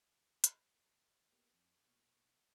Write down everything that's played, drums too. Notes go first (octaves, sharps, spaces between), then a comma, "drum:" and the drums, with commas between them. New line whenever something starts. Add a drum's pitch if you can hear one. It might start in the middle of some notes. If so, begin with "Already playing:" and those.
drum: hi-hat
A#3 B3 G4
F2
B2 A#3 C#6 F6